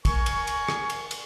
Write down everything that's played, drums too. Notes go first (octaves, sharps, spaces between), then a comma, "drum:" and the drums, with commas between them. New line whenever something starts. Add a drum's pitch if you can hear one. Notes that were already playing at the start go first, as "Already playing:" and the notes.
A#4 G#5 C#6, drum: kick, cymbal
drum: cymbal
drum: cymbal
drum: rim click
drum: cymbal
drum: cymbal